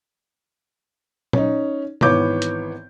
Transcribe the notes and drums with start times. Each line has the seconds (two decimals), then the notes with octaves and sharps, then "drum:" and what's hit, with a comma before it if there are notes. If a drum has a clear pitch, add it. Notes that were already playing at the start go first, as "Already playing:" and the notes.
1.33 C#4 D#4, drum: tom
2.01 G#1 E3 B3 C#5 D6 G6, drum: tom B2
2.42 drum: hi-hat